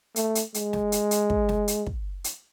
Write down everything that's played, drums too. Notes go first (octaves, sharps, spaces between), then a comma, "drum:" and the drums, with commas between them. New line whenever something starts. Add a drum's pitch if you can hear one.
A3, drum: hi-hat
drum: hi-hat
G#3, drum: hi-hat
drum: snare
drum: hi-hat
drum: hi-hat
drum: kick
drum: snare
drum: hi-hat
drum: kick
drum: hi-hat